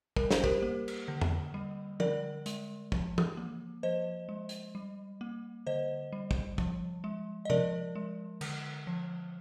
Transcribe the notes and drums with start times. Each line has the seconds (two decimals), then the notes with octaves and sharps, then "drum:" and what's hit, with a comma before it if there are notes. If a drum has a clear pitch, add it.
0.16 G3 A#4, drum: kick
0.31 C5, drum: snare
0.44 G4 A#4, drum: kick
0.63 A#3
0.88 drum: cymbal
1.08 D3
1.21 drum: tom
1.54 G3
2.00 D3 A#4 D5, drum: tom
2.46 G#3, drum: hi-hat
2.92 F3, drum: kick
3.18 drum: tom
3.37 A#3
3.83 F3 C5 D#5
4.29 G#3
4.49 drum: hi-hat
4.75 G3
5.21 A#3
5.67 D3 C5 D#5
6.12 G3
6.31 drum: kick
6.58 F3, drum: kick
7.04 G#3
7.45 D#5
7.50 F3 A#4 D5, drum: tom C3
7.95 G#3
8.41 D3, drum: cymbal
8.87 F3